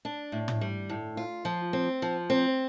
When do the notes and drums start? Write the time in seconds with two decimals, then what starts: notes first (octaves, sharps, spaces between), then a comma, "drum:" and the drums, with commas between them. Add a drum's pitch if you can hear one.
0.05 D4
0.32 A2
0.48 drum: tom
0.61 G3
0.89 A2
1.17 F4
1.45 F3
1.73 C4
2.02 F3
2.30 C4